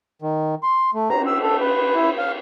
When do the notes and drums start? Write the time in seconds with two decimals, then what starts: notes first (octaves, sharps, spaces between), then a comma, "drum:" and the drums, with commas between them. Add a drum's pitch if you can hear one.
0.22 D#3
0.63 C6
0.94 A3
1.10 A#5, drum: cymbal
1.27 E6
1.42 A4
1.60 B4
1.95 E4
2.18 F5